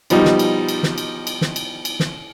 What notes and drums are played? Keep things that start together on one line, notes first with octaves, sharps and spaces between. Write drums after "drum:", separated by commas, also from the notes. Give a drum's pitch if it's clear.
B2 F3 G3 D#4, drum: cymbal
drum: snare
drum: cymbal
drum: cymbal
drum: snare
drum: cymbal
drum: cymbal
drum: snare
drum: cymbal
drum: cymbal
drum: snare